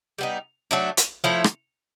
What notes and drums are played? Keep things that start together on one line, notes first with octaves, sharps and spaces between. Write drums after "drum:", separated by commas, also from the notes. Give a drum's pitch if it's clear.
G3 B3 D#4
F#3 A3 D4
drum: hi-hat
F3 A3 C#4 E4
drum: rim click